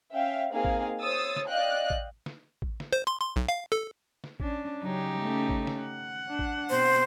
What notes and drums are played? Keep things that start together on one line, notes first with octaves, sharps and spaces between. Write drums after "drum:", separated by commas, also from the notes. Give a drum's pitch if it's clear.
C#4 E5 F5 G5
A#3 C4 D#4 G#4 F5
drum: kick A1
C5 C#5 D#6 E6 A6
drum: snare
D5 D#5 F5 G5 F#6
drum: kick A1
drum: snare
drum: kick A1
drum: snare
C5
C6
C6
B1
F5
A4
drum: snare
C#4 D4, drum: kick A1
C#3 F#3 D#4 G4
A3 C#4
drum: kick A1
drum: snare
F#5
D4
drum: kick A1
B2 C4 C5